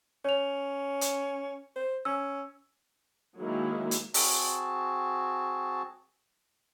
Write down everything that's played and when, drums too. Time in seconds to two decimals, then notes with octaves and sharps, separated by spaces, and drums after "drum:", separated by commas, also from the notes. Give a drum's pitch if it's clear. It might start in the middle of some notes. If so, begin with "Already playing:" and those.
0.25 C#4 C#5 F7
1.01 drum: hi-hat
1.76 C5
2.05 C#4 E6
3.39 D#3 F#3 G#3 A#3 E4
3.91 drum: hi-hat
4.14 C4 F#4 G#4 A5, drum: open hi-hat